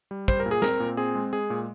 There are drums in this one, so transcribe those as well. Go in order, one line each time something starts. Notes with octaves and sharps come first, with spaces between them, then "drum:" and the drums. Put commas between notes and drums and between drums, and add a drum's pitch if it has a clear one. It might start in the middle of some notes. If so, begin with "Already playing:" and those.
G3
G3 C5, drum: kick
A#4
A#2
G#4
C4 A#4, drum: snare
A#2
C4 G#4
G#3
G#3 G#4
A#2